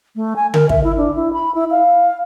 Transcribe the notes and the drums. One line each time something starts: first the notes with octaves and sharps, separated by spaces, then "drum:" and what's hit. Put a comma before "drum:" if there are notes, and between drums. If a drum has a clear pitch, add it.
A3
G#5
A#4, drum: tom D3
E5, drum: kick
E4
D4
E4
B5
E4
F5